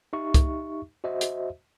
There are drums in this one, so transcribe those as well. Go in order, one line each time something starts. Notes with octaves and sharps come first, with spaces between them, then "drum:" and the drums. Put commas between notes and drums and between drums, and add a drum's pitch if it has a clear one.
D#4 G4 E5 C#6
drum: kick C2, hi-hat
F#4 C5 D#5 E5
drum: hi-hat